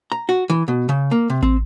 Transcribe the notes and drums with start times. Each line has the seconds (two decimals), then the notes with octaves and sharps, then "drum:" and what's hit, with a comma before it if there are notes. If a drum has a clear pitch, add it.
0.12 A#5
0.29 F#4
0.50 E3
0.68 B2
0.89 C#3
1.11 A#3
1.30 C3
1.42 C4, drum: kick